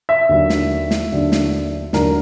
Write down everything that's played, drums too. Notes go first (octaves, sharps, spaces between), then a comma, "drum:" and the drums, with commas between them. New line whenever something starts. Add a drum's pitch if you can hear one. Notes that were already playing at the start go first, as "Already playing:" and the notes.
E5
D#2 D3 F#3
drum: snare
drum: snare
D#2 D3 F#3
drum: snare
D#2 D3 F#3 A#4, drum: snare